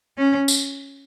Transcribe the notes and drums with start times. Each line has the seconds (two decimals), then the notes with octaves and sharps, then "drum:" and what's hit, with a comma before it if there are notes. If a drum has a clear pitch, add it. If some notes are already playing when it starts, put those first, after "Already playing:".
0.17 C#4
0.48 drum: tambourine